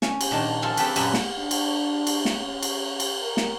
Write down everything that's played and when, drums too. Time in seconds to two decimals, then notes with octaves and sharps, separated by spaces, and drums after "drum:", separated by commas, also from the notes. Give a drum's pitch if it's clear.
0.02 C#4, drum: snare
0.21 drum: cymbal
0.31 A#2 D#3 D4
0.62 F3 F4 G#4 A4
0.77 C4 G4 A4 B4, drum: cymbal
0.96 F#2 A#2 C#4 B4 E5 B5, drum: cymbal
1.14 drum: snare
1.38 D4
1.51 drum: cymbal
2.07 drum: cymbal
2.25 drum: snare
2.36 C#4
2.63 drum: cymbal
3.00 drum: cymbal
3.23 A#4
3.37 drum: snare